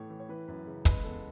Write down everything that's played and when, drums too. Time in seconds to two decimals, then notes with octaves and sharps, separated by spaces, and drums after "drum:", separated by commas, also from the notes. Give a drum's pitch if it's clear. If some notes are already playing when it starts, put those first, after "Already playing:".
Already playing: A2 E3 A3 C#5
0.10 E3
0.20 C#5
0.29 E3 B4
0.48 F#2 B4
0.67 C#3
0.85 G#3 B4, drum: kick, hi-hat
1.04 E2 A4